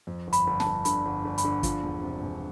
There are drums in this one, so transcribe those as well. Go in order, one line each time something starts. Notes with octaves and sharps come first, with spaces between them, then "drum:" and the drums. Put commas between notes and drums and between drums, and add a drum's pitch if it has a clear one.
F2
G1
B5, drum: hi-hat
G1
A5, drum: snare
G1
D3 B5, drum: hi-hat
G1
G1
B5, drum: hi-hat
D3
F3, drum: kick, hi-hat
E1
C3
E1